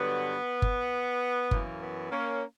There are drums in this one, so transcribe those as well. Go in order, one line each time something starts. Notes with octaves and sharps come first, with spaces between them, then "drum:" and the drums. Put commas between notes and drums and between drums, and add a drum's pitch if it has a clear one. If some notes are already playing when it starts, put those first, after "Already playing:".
Already playing: G2 D3 F#3 B3
drum: kick G1
F#2 E3 A#3, drum: kick G1
B3
A#3 C#4